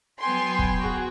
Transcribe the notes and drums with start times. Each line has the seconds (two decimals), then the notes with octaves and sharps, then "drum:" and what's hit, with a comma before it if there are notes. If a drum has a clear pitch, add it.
0.20 F#3 B3 G5 G#5 C6
0.59 drum: kick
0.79 F#4 G#4